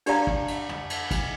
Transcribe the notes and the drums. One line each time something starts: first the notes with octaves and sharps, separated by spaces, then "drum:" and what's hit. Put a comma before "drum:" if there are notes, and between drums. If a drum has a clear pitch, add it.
D4 G4 D5 F5 A#5, drum: cymbal
drum: kick
drum: cymbal
drum: tom
drum: cymbal
drum: kick, cymbal